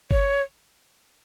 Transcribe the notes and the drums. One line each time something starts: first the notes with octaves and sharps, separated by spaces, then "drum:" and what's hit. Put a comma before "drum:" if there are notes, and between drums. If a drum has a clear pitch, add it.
C#5, drum: kick G1